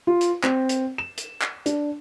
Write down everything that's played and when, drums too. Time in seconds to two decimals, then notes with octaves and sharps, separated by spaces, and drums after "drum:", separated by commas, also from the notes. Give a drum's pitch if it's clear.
0.07 F4
0.21 drum: hi-hat
0.43 C4, drum: clap
0.69 drum: hi-hat
0.98 E7
1.17 drum: hi-hat
1.42 drum: clap
1.66 D4, drum: hi-hat